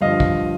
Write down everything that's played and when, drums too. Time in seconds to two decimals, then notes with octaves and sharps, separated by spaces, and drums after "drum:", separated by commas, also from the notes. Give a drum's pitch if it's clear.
0.01 G2 D3 F3 D#5 F5
0.20 drum: kick